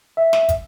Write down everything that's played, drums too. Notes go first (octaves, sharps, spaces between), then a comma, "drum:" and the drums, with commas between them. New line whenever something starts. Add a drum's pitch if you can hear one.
E5
drum: snare
drum: kick, hi-hat